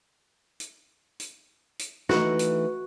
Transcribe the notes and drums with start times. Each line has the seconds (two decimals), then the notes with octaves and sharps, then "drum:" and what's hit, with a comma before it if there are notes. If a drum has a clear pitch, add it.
0.60 drum: hi-hat
1.20 drum: hi-hat
1.79 drum: hi-hat
2.09 E3 A3 D#4 F#4, drum: snare
2.39 drum: hi-hat